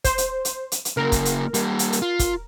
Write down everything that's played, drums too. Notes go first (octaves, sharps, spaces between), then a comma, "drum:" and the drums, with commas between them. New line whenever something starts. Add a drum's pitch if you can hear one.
C5, drum: kick, hi-hat
drum: hi-hat
drum: hi-hat
drum: hi-hat
drum: hi-hat
C#3 A#3 A#4
drum: kick, hi-hat
drum: hi-hat
G3 A#3, drum: hi-hat
drum: hi-hat
drum: hi-hat
F4
drum: kick, hi-hat